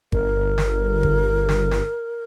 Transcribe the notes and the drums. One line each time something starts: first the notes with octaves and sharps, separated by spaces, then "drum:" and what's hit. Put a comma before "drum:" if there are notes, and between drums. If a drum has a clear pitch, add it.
G1 A#4, drum: kick G#1
drum: snare
drum: kick G#1
drum: snare
drum: snare